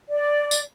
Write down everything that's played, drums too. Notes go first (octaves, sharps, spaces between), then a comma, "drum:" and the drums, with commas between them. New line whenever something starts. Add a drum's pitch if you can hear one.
D5
drum: tambourine